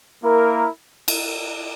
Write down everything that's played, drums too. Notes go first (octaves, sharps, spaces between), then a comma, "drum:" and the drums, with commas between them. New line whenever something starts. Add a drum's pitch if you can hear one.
A#3 E4 A#4
drum: cymbal